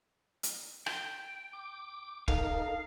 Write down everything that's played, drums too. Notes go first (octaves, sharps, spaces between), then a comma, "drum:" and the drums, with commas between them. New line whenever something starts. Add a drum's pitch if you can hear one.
drum: hi-hat
G5, drum: rim click
D6
D#4 A4 A#4 F5, drum: kick